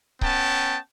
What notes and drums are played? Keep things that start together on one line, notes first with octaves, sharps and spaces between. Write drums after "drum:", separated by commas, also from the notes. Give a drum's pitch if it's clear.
B3 C#4 G5 A5, drum: kick C#1